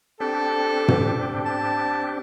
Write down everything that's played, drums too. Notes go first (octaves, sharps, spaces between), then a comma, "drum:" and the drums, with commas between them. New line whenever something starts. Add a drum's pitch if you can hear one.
C4 D4 G4 A4
drum: tom
A5